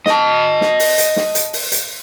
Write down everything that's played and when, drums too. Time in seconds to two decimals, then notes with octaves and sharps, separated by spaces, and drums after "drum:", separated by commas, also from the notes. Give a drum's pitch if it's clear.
0.06 D#5 A5, drum: snare
0.61 drum: snare
0.80 drum: open hi-hat
0.98 drum: hi-hat
1.16 drum: snare
1.35 drum: hi-hat
1.53 drum: open hi-hat
1.72 drum: hi-hat